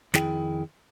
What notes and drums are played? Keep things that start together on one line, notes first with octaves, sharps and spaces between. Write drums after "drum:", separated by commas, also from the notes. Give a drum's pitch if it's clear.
F2 D#3 E4 G#4 G5, drum: snare